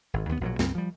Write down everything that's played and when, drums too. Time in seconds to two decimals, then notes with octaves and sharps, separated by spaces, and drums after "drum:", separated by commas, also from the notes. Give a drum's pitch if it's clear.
0.14 G#1
0.29 D#2 B3
0.41 A#1 B2 F3 F#3
0.59 C#2 G2 G3 C4, drum: snare
0.75 F3 G3